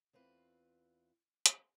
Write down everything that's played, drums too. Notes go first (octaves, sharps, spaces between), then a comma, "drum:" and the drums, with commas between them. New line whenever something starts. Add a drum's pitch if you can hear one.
E2 C4 F4 B4
drum: hi-hat